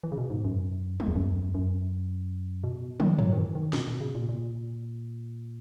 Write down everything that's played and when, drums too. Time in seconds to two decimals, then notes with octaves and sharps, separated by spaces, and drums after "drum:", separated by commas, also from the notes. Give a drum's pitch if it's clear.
0.03 E3
0.12 C#3
0.18 B2
0.30 G#2
0.45 F#2
1.00 F#2, drum: tom
1.08 E2
1.16 F#2
1.54 F#2
2.64 B2
3.00 D#3, drum: tom
3.19 F#3, drum: tom
3.33 D#3
3.37 E3
3.55 D#3
3.73 B2, drum: snare
3.88 B2
4.00 C#3
4.15 A#2
4.29 A#2